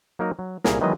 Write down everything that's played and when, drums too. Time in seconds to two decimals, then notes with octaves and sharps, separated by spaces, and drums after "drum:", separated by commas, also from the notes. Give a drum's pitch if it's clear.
0.19 F#3 A#3 D#4 F#4 A#4 D#5
0.39 F#3
0.64 C2 A#2 E4 G#4 A#4, drum: snare
0.81 D#3 E3 F#3 G#3 B3 D#5